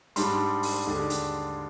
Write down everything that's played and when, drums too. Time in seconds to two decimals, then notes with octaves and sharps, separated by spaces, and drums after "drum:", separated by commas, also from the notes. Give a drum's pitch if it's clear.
0.16 G#2 G3 D4 C6, drum: hi-hat
0.63 drum: open hi-hat
0.86 D#2 D3 G#3 D4
1.10 drum: hi-hat